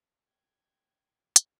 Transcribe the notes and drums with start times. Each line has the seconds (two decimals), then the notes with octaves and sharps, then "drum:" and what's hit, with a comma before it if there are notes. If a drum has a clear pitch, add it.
0.23 G5 G#6
1.36 drum: hi-hat